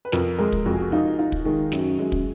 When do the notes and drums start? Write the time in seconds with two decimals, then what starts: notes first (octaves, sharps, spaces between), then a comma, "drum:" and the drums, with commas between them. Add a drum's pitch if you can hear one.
0.05 B4
0.12 F2 A#4, drum: snare
0.38 G#3 A#4
0.52 drum: kick
0.65 F2 F#4
0.74 G#4
0.81 F#4
0.92 D#4 F4
1.19 D#4 F4
1.32 drum: kick
1.45 D#3 G#3
1.72 F#2 F#3, drum: snare
1.99 F#2 G#3
2.12 drum: kick